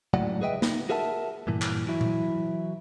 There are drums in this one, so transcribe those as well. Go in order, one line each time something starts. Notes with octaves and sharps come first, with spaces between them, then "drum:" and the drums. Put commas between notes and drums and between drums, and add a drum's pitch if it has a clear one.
C#2 A2 F#3 D5 F#5
G#4 B4 D#5 E5 G5
D#4, drum: snare
F#4 G#4 A#4 E5 F#5 A5
G2 A#2 E3
drum: clap
E3 F#3 E4
drum: tom A#2